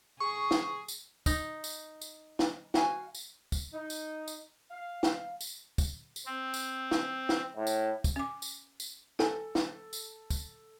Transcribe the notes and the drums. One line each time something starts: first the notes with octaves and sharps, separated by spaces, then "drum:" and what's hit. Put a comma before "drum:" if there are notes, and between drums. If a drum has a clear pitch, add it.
G#4 C#6
drum: snare
drum: tambourine
D#4, drum: kick, tambourine
drum: tambourine
drum: tambourine
drum: snare
F#4 F5 G#5, drum: snare
drum: tambourine
drum: kick, tambourine
D#4
drum: tambourine
drum: tambourine
F5
drum: snare
drum: tambourine
drum: kick, tambourine
drum: tambourine
C4
drum: tambourine
drum: snare
drum: snare
A2
drum: tambourine
drum: kick, tambourine
C#4 D6
drum: tambourine
drum: tambourine
A4 G#5, drum: snare
drum: snare
drum: tambourine
drum: kick, tambourine